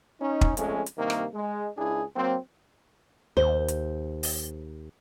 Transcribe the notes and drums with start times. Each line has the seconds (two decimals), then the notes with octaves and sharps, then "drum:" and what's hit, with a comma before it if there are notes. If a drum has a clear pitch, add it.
0.21 C#4 D#4
0.41 drum: kick
0.57 F2 G#3 A3 C#4, drum: hi-hat
0.86 drum: hi-hat
0.97 G2 C3 D#3 A#3
1.10 drum: rim click
1.34 G#3
1.76 C#2 D4 E4 G#4
2.16 F#3 A#3 C4
3.37 D#2 C5
3.68 drum: hi-hat
4.23 drum: open hi-hat